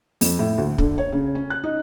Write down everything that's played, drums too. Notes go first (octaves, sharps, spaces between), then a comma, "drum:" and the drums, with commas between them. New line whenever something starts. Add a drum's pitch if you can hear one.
F2, drum: open hi-hat
A2
D2
D3, drum: kick
C#5
C#3
C#4
F#6
D#4